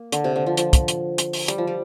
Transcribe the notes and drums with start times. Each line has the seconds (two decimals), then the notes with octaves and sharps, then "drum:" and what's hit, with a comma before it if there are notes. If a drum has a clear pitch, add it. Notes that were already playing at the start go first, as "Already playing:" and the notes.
Already playing: A#3
0.12 D3, drum: hi-hat
0.24 C3
0.36 D3
0.46 F3
0.57 F3, drum: hi-hat
0.73 drum: kick, hi-hat
0.88 drum: hi-hat
1.18 drum: hi-hat
1.33 drum: open hi-hat
1.48 G3, drum: hi-hat
1.58 F3
1.67 G3